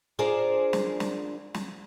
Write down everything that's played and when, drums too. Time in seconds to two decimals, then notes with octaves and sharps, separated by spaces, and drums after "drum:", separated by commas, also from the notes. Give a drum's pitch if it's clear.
0.19 D4 F4 G#4 A#4 C5 D5
0.73 drum: snare
1.00 drum: snare
1.54 drum: snare